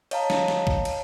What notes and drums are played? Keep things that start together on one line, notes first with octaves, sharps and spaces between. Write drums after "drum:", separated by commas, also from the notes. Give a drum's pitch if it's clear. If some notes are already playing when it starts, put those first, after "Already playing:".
C#5 D#5 F5 A5 A#5, drum: cymbal
drum: snare
drum: snare
drum: kick
drum: cymbal